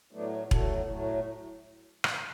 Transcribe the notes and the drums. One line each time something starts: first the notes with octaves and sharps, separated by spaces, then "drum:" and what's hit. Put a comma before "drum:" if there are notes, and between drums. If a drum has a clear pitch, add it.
A2 F#3 A3 B3 D4
A2 F#3 A3 F#4 A4, drum: kick E1
A2 F#3 A3
drum: rim click